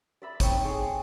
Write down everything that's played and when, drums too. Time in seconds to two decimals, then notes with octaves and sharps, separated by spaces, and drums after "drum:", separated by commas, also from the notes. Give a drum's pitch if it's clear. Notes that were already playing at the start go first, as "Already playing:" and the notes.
0.22 D5 E5 B5
0.40 C4 D#4 C#5, drum: kick, hi-hat
0.65 G#4 D6